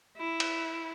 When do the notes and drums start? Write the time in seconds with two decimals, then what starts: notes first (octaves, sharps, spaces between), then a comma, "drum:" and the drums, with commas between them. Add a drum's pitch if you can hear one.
0.17 E4
0.40 drum: cymbal